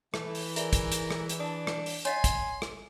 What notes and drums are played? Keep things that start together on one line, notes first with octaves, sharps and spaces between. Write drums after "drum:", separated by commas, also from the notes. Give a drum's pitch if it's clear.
E3 A3, drum: rim click
drum: open hi-hat
G#4 A#4 D5 E5 G#5, drum: hi-hat
drum: kick, hi-hat
drum: hi-hat
drum: rim click
drum: hi-hat
D4 D5 A5 D#6
drum: rim click
drum: open hi-hat
C#5 D#5 F5 G#5 C6 C7, drum: hi-hat
drum: kick, hi-hat
drum: rim click